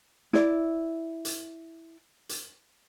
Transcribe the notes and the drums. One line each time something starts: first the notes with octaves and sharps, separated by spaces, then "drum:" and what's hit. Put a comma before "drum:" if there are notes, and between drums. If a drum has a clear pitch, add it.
E4 D5, drum: snare
drum: hi-hat
drum: hi-hat